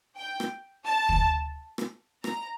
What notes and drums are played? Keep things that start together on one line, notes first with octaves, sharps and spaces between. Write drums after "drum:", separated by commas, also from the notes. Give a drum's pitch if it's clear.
G5
drum: rim click
A5
drum: kick
drum: rim click
A#5, drum: rim click